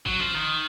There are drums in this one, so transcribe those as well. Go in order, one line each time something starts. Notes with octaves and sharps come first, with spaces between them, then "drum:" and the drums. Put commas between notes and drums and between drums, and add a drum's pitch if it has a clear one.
F#3, drum: kick G#1
F3, drum: snare
D#3